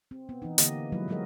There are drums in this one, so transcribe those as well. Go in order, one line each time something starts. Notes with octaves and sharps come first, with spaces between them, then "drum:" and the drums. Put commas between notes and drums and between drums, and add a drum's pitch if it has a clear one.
C4
B3
E3 D#4
D3 A#3 G4 D#5, drum: hi-hat
F3 F#3 G#3 E4 B4
F#3 G#3 F#4 G#4 A#4 D#5